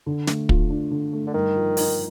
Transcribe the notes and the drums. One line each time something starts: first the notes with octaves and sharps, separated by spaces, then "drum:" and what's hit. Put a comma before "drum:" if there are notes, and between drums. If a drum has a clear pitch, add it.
D3
A3, drum: snare
F4, drum: kick
D4
D3
A3
D3
G2 D#3
F3
D#4, drum: open hi-hat